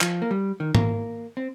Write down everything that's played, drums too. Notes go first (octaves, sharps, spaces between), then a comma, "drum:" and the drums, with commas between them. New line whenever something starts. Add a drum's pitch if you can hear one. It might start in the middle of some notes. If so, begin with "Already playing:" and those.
F3, drum: clap
A#3
G3
D#3
A#3, drum: tom G#2
C4